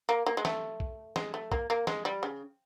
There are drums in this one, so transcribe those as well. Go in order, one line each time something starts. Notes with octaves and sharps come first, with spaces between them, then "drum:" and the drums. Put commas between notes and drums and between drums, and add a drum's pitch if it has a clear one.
A#3
A#3
G#3
A3, drum: snare
drum: kick
G#3, drum: snare
A3
A#3, drum: kick
A#3
G#3, drum: snare
G3
C#3